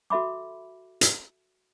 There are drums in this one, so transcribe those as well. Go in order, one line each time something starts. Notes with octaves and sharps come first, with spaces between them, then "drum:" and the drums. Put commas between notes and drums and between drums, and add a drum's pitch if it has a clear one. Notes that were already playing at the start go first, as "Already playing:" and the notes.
F#4 A4 E5 B5 D6
drum: hi-hat